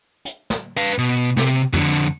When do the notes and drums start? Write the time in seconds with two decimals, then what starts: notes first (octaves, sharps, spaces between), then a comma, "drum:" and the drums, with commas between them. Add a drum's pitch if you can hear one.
0.25 drum: hi-hat
0.50 drum: snare
0.77 B4 F5
0.98 B2
1.37 C3, drum: snare
1.73 F2 D3, drum: tom